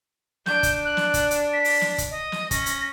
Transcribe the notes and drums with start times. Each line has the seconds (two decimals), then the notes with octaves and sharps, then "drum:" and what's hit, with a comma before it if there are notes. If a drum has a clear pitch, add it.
0.46 D4 G6, drum: snare
0.63 drum: kick, hi-hat
0.85 F#6
0.97 drum: snare
1.14 drum: kick, hi-hat
1.31 drum: hi-hat
1.53 B6
1.64 drum: open hi-hat
1.81 drum: snare
1.98 drum: kick, hi-hat
2.11 D#5
2.32 drum: snare
2.51 C#4 A#6, drum: kick, hi-hat
2.66 drum: hi-hat